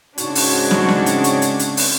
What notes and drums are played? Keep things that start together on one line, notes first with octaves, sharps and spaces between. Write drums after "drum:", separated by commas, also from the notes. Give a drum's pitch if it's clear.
G#2 C#3 C4 D4 F#4 C#5, drum: hi-hat
drum: open hi-hat
drum: snare
drum: snare
drum: hi-hat
drum: hi-hat
drum: hi-hat
drum: hi-hat
drum: open hi-hat